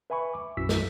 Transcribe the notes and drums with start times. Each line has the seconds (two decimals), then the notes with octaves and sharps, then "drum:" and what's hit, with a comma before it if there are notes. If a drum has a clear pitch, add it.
0.10 B4 E5 G#5 B5 C#6
0.34 D6
0.57 B1 F#2 E4 F#4 E6 B6
0.69 drum: snare